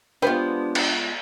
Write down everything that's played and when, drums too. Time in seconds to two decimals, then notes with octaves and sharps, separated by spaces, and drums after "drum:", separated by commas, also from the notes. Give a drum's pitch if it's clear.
0.22 G#3 B3 D4 F4 G4 B4 C5
0.75 drum: cymbal